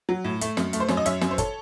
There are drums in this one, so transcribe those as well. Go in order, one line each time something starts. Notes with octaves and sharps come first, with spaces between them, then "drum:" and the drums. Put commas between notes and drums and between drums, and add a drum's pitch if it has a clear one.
F#3
A2
A3, drum: hi-hat
F#2, drum: snare
A3, drum: hi-hat
C5
F#2 C#5, drum: snare
D#5
F#2 C#5 E5, drum: hi-hat
F#2, drum: snare
C5
A4 C#5, drum: kick G1, hi-hat